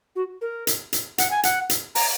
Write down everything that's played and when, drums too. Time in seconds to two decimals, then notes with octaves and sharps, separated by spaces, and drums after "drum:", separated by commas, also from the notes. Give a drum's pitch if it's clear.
0.16 F#4
0.41 A#4
0.67 drum: hi-hat
0.93 drum: hi-hat
1.18 F#5, drum: hi-hat
1.31 G#5
1.43 F#5, drum: hi-hat
1.70 drum: hi-hat
1.95 A#5, drum: open hi-hat